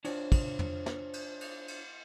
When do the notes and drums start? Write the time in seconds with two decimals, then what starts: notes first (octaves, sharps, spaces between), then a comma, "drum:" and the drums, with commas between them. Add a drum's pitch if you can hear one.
0.05 D4 F4 C5 C#5, drum: cymbal
0.32 drum: kick, cymbal
0.59 drum: tom
0.86 drum: snare
1.13 drum: cymbal
1.41 drum: cymbal
1.68 drum: cymbal